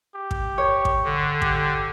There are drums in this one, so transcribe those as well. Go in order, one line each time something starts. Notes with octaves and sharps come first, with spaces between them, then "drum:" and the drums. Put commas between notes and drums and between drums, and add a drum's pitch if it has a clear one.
G4
drum: kick
C#5
drum: kick
D3
G4, drum: kick